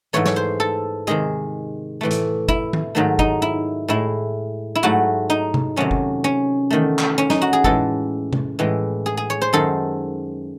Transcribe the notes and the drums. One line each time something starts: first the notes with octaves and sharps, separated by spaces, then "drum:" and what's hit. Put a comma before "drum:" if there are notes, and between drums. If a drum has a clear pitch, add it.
G#2 E3 A3 C#5
C#5, drum: snare
C5
A4
C3 D#3 G#3 G#4
A2 E3 A3
drum: hi-hat
E4, drum: kick G1
drum: tom D#3
G#2 D#3 F#3 A3
D#4, drum: kick G1
E4
A2 G#3 E4
E4
G#2 F#3 A3 F#4
D#4
drum: tom C3
C3 D#3 F#3 A3 C#4
drum: kick G1
C#4
E2 D#3 A3
drum: clap
C#4
D#4, drum: snare
F#4
G#4
A2 E3 G#3 A4, drum: kick G1
drum: tom C3
A2 E3 G#3
G#4
G#4
C#5
C5
F#2 D#3 G#3 A4